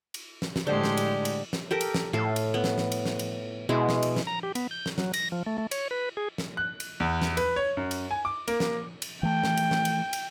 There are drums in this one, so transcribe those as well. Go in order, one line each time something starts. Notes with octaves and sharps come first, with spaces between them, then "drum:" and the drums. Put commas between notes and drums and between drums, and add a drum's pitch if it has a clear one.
drum: cymbal
drum: snare
drum: snare
A2 D3 G#3 G4 C5
drum: snare
drum: cymbal
drum: cymbal
drum: snare
G4 A4 A#4
drum: cymbal
drum: snare
A2 A4 F5
drum: cymbal
B3
drum: snare
drum: snare
drum: cymbal
drum: snare
drum: cymbal
B2 G#3 E4
drum: snare
drum: cymbal
drum: snare
A#5
G4
B3, drum: cymbal
G6
drum: snare
F#3, drum: snare
A#6, drum: cymbal
F3
A3
A3
C#5, drum: cymbal
B4
G#4
drum: snare
F#6
drum: cymbal
E2
drum: snare
B4, drum: cymbal
C#5
F#2
drum: cymbal
G#5
D6
A#3, drum: cymbal
drum: snare
drum: cymbal
E3 A3 G5
drum: snare
drum: cymbal
drum: snare
drum: cymbal
drum: cymbal